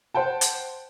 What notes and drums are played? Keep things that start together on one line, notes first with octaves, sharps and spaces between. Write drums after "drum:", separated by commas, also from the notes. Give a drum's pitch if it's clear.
C5 F#5 G5 A5
drum: hi-hat